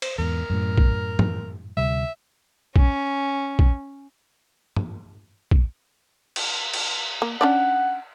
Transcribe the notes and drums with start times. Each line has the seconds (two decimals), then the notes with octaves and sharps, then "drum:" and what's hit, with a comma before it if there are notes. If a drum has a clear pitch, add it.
0.02 C5, drum: cymbal
0.18 E2 G#2 A#4
0.50 F#2 A2
0.78 drum: kick
1.19 drum: tom
1.77 D2 C3 G3 E5
2.76 C#4, drum: kick
3.59 drum: kick
4.76 drum: tom
5.51 drum: kick
6.36 drum: cymbal
6.74 drum: cymbal
7.22 A#3
7.41 C#4 D4 D5 F#5